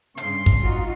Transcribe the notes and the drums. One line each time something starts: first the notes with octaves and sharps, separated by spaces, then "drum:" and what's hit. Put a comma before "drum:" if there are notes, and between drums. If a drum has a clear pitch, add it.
G2 C#3 C6, drum: hi-hat
drum: kick
D#4 F4 F#4